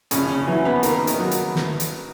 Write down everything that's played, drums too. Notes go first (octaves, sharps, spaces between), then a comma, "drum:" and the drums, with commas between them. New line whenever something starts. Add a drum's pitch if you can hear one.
A#1 C#3 C#4, drum: hi-hat
C#3 C#4
E3 F#3 E4
B3 B4
D#3 A#3 A#4, drum: hi-hat
D#3 D#4, drum: hi-hat
F#3
drum: hi-hat
drum: snare
drum: hi-hat